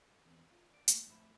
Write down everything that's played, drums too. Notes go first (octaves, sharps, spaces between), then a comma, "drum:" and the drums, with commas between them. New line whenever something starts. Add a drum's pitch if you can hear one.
E2 C4
F4
D5
A3 A#3, drum: hi-hat
F2 A2 F3 C5 E5 B5